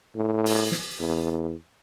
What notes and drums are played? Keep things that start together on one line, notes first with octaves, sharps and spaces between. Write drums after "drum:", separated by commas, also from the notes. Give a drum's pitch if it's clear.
A2
drum: open hi-hat
drum: snare
E2